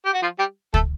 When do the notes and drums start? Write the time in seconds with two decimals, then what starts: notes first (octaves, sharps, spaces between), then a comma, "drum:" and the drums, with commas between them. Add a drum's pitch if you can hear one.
0.05 G4
0.14 F#4
0.22 F3 F4
0.39 G3 G4
0.74 A3 A4, drum: kick